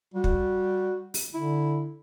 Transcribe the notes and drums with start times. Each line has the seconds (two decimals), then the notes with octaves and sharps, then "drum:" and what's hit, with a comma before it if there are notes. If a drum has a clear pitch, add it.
0.14 G3 F#4
0.24 drum: kick
1.14 drum: open hi-hat
1.34 D3 E4